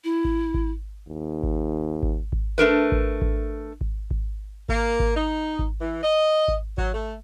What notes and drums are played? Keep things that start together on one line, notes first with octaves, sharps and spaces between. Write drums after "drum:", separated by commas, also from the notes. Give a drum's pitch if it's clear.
E4
drum: kick G#1
drum: kick G#1
D#2
drum: kick G#1
drum: kick G#1
drum: kick G#1
A3 D4 A#4 B4
drum: kick G#1
drum: kick G#1
drum: kick G#1
drum: kick G#1
A#3, drum: kick G#1
drum: kick G#1
D#4
drum: kick G#1
E3
D#5
drum: kick G#1
F#3, drum: kick G#1
A3